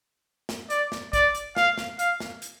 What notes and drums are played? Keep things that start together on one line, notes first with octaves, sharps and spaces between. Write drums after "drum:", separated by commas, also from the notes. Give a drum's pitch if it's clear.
drum: snare
D5, drum: hi-hat
drum: snare
D5, drum: kick, hi-hat
drum: hi-hat
F5, drum: snare
drum: snare
F5, drum: hi-hat
drum: snare
drum: hi-hat